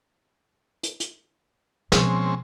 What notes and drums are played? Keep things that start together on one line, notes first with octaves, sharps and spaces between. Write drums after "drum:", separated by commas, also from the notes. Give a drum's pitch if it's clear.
drum: hi-hat
drum: hi-hat
B2 F3 G#3 C4 C#4, drum: snare